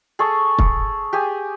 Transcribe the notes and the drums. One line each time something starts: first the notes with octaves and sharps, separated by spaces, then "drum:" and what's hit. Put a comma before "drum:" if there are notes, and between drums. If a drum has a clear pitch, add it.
G#4 A4 C#6
drum: kick
G4 G#4 G#5